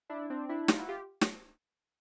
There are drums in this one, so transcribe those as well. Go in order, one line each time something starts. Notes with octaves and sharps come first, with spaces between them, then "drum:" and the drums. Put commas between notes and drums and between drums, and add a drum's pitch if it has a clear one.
D4 E4
C4 D4
D4 E4
D#4 F4, drum: snare
E4 F#4
F4 G4
drum: snare